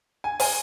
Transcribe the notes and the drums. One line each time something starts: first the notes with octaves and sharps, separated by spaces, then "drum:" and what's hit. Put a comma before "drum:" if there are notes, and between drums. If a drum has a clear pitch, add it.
G#5
G#5, drum: open hi-hat